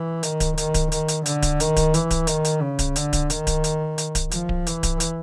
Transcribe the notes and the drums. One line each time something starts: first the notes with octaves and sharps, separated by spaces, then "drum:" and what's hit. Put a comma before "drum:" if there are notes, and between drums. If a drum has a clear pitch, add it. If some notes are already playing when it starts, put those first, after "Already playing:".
Already playing: E3
D#3, drum: hi-hat
drum: kick D1, hi-hat
D#3, drum: hi-hat
drum: kick D1, hi-hat
D#3, drum: hi-hat
drum: hi-hat
D3, drum: hi-hat
drum: kick D1, hi-hat
D#3, drum: hi-hat
drum: kick D1, hi-hat
E3, drum: hi-hat
drum: kick D1, hi-hat
D#3, drum: hi-hat
drum: hi-hat
C#3
drum: kick D1, hi-hat
D3, drum: hi-hat
drum: kick D1, hi-hat
D#3, drum: hi-hat
drum: kick D1, hi-hat
drum: hi-hat
drum: hi-hat
drum: kick D1, hi-hat
F3, drum: hi-hat
drum: kick D1
E3, drum: hi-hat
drum: kick D1, hi-hat
drum: hi-hat